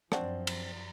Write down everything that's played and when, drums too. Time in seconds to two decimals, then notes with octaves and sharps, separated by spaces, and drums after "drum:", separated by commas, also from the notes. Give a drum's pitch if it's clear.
0.12 F#2 F3 C4 D4 F#4 D5, drum: rim click
0.47 drum: cymbal